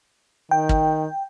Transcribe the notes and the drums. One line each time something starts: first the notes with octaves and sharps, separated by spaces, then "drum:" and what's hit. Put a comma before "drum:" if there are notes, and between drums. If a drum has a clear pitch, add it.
D#3 G5
drum: kick